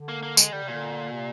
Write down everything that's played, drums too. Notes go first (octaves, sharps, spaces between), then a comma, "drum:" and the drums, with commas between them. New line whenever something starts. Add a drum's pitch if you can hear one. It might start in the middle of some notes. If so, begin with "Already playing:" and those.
Already playing: D3
A#3
A#3
G#3, drum: tambourine
D3 G3
C3
A#2 D3
C3